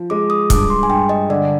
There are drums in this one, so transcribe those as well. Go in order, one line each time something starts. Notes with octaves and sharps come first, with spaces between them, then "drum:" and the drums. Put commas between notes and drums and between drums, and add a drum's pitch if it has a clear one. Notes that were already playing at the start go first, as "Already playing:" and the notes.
Already playing: F3
G#3 D6
D#6
G2 D6, drum: kick, hi-hat
C6
G#5
G2 G5
D#5
D3 D5